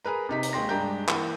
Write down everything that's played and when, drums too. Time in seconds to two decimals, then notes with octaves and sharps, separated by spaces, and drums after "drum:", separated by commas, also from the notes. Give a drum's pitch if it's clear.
0.05 G#4 A#4 B4 A#5
0.29 C3 D#4 B6
0.43 drum: hi-hat
0.53 D#2 G#3 G5 C6 A#6
0.69 G2 G#3 D4 G5 A#5 G6
1.09 E3 A#3 F#5, drum: clap